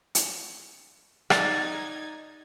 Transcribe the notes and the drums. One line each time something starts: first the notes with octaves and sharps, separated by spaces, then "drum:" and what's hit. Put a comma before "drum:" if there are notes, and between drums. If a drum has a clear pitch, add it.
drum: hi-hat
D#4 D5 G#6, drum: rim click